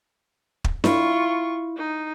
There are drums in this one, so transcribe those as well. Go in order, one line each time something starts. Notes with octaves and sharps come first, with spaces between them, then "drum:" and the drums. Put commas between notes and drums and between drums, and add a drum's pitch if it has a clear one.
drum: kick
E4 F4 C#6, drum: snare D4
D#4